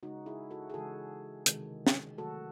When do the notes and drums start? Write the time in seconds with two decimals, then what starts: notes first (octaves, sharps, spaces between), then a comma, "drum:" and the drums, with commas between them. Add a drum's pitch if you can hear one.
0.03 C#3 G#3 D#4 F#4
0.26 E4 G#4
0.51 F#4 A4
0.70 G#4
0.74 C#3 E3 G#3 F#4 A4
1.46 C3 D#3 G#3, drum: hi-hat
1.87 drum: snare
2.18 D#3 F#3 A3 F#4 A4